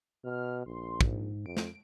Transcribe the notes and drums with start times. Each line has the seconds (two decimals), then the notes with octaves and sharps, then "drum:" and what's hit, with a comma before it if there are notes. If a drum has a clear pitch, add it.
0.24 B2 F6
0.66 A#1 C6
1.01 G#2, drum: kick
1.46 F2 D7
1.57 drum: snare